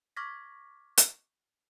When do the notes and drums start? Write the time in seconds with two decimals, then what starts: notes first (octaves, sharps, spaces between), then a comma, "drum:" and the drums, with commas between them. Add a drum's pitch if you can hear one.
0.17 C#6 D6 F6 G#6 A#6 B6
0.98 drum: hi-hat